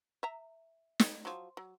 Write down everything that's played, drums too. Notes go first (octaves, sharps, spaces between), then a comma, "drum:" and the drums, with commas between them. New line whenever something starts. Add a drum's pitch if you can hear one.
E5 A#5
drum: snare
F3 F#3
F#3